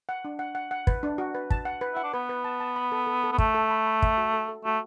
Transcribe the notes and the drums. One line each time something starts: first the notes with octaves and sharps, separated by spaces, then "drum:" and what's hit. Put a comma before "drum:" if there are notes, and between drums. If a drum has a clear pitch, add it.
F#5
D4
F#5
F#5
F#5
B4, drum: kick
D4
F#4
B4
A5, drum: kick
F#5
B4
E4 F#5
D4
B3 B4
B4
A5
A5
B5
A4
A4
A4
B3
A3 A4, drum: kick
A4
B5
B5
E5, drum: kick
F#4
A4
A4
A3 F#4